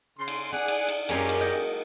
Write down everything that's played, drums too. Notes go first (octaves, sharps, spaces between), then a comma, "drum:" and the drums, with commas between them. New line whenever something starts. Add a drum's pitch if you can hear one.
C#3 C6
drum: cymbal
D4 G#4 F#5
drum: cymbal
drum: cymbal
F#2 G#3 A#3 C#4 G4, drum: cymbal
drum: cymbal
D#5 G5